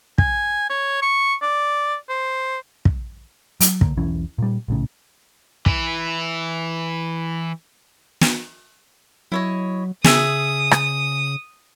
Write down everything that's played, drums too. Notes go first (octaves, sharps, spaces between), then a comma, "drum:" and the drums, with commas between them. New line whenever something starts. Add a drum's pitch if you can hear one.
G#5, drum: kick
C#5
C#6
D5
C5
drum: kick
F#3, drum: hi-hat
D3 A#3, drum: kick
E1 B1 E3 C#4
A#2 G3
A#1 A2 C#3
E3 E4, drum: kick
drum: snare
F#3 E4 C#5 D#5
C#3 G#4 E5 D#6, drum: snare
drum: rim click